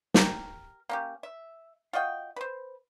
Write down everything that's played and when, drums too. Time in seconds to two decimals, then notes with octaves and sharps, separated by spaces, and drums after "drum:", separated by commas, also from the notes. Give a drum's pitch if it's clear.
0.14 G4 A#4, drum: snare
0.89 A#3 C#4 G4
1.23 E5
1.93 F4 F#4 D#5 G5
2.36 B4 C5